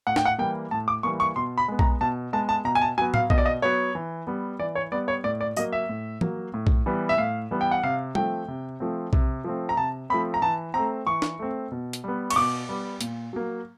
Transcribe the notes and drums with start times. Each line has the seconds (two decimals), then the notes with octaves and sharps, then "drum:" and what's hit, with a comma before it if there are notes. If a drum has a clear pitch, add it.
0.07 A2 F#5
0.16 G5, drum: snare
0.25 F#5
0.39 E3 G3 A#3 G5
0.71 A2 A5
0.88 D6
1.03 E3 G3 A#3 C#6
1.20 C#6
1.36 B2 C6
1.58 B5
1.68 G#3 B3
1.79 A#5, drum: kick B1
2.01 B2 A5
2.33 G#3 B3 A5
2.49 A5
2.65 B2 A#5
2.75 G#5
2.81 A5
2.98 F#3 B3 G#5
3.14 F5, drum: tom A2
3.30 B2 D#5, drum: kick B1
3.38 D5
3.45 D#5
3.62 F#3 B3 C#5
3.95 E3
4.27 G3 B3
4.59 E3 D5
4.75 C#5
4.92 G3 B3 D5
5.08 C#5
5.24 A2 D5
5.41 D5
5.57 F#3 A#3 D#5, drum: tambourine
5.72 E5
5.89 A2
6.21 F#3 A#3, drum: tom
6.54 A2
6.67 drum: kick B1
6.86 E3 G3 B3
7.09 E5
7.18 A2 F5
7.51 E3 G3 B3
7.61 G5
7.71 F#5
7.83 C3 F5
8.15 F3 A3 C4 G5, drum: tom G3
8.48 C3
8.80 F3 A3 C4
9.13 C3, drum: kick B1
9.44 F3 A3 C4
9.69 A#5
9.77 C3 A5
10.10 F3 A3 C4 B5
10.34 A#5
10.42 E3 A5
10.74 A3 C4 A#5
11.07 E3 C#6
11.22 drum: snare
11.39 A3 C4
11.72 B2
11.93 drum: hi-hat
12.04 G3 B3
12.30 C#6, drum: cymbal
12.36 B2 D6
12.69 G3 B3
13.01 A#2, drum: hi-hat
13.33 F#3 A#3